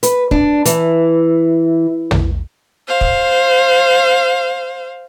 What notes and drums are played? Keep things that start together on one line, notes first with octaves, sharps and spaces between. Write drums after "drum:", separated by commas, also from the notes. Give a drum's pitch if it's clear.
B4, drum: hi-hat
D4, drum: kick
E3, drum: hi-hat
drum: tom
C5 F5
drum: kick